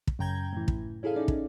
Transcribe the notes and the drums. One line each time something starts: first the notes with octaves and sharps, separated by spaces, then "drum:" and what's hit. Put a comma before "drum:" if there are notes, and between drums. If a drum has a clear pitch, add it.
drum: kick
F#2 C#3 G5 A#5 G6 G#6
A2 E3
drum: kick
C#4 E4 G#4 A4 F5
C#4 D#4 D5
drum: kick